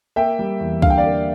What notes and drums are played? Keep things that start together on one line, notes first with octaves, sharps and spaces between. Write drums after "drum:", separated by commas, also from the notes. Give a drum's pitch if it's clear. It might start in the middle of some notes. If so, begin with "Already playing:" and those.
A#3 E5 G5
G3
E2
D3 F5, drum: kick C#2
G5
D5 F5
A#3